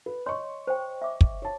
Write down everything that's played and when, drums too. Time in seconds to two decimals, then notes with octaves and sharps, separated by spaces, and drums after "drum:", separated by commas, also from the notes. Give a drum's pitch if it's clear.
0.06 B4
0.26 C#5 D#5 C6 C#6
0.67 C5 G5
1.02 E5 D6
1.21 drum: kick
1.42 C#5 A5